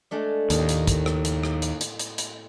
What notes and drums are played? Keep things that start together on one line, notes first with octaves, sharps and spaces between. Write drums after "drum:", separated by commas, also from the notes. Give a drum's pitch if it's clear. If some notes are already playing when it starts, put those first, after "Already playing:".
G#3 A3 D4
D#2 A2 A#3 D#4, drum: hi-hat
drum: hi-hat
drum: kick, hi-hat
drum: rim click
drum: hi-hat
drum: rim click
drum: hi-hat
drum: hi-hat
drum: hi-hat
drum: hi-hat